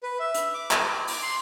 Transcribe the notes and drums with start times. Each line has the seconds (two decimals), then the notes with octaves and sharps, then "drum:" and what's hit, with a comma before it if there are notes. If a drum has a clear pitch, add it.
0.03 B4
0.20 E5
0.34 drum: hi-hat
0.54 D6
0.71 drum: clap
1.08 D6, drum: open hi-hat
1.22 C6